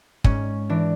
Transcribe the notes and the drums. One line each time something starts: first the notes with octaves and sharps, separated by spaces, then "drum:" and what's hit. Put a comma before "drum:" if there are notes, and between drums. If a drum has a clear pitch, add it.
G#2 C#4, drum: kick
E3 D4